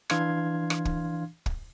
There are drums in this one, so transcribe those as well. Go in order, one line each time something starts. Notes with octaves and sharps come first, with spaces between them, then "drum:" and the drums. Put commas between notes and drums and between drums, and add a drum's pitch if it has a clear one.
E3 D4 F5 C6 F6 G#6, drum: rim click
drum: rim click
drum: kick
drum: kick